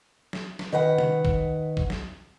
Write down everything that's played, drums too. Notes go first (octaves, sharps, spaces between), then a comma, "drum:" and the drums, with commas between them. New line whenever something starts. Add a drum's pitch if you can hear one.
drum: snare
drum: snare
D#3 B4 F#5
drum: tom C3
drum: kick A#1
drum: kick A#1
drum: snare